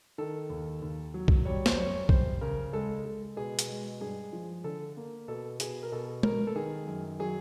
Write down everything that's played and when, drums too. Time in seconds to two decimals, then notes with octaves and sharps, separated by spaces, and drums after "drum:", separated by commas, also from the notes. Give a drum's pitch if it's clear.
0.18 D#3 A4
0.50 D#2
0.82 D#2
1.14 F#3
1.28 drum: kick B1
1.45 G3 C#5
1.66 C5, drum: snare
1.78 F#2 C#5
2.09 G3 C5, drum: kick B1
2.41 C#3 A#4
2.73 G#3 A4
3.05 G#3
3.36 B2 G#4
3.59 drum: hi-hat
3.68 G#3
4.01 G2 G#4
4.33 F3
4.64 D3 A4
4.97 A#3
5.28 B2 A4
5.60 B2 G#4, drum: hi-hat
5.83 A#4
5.92 B2 A4
6.23 B3 A#4, drum: tom G#3
6.47 A4
6.56 D#3 G#4
6.87 F#2
7.19 F#3 G#4